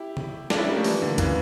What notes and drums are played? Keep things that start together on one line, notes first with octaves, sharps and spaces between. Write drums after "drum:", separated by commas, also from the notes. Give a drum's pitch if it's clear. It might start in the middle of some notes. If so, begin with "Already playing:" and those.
Already playing: E4 G4
drum: tom
D4 F4, drum: snare
C#4 E4
G3 A#3
F3 A3
E3 G3, drum: open hi-hat
A#2 D3
C#3 E3, drum: kick, hi-hat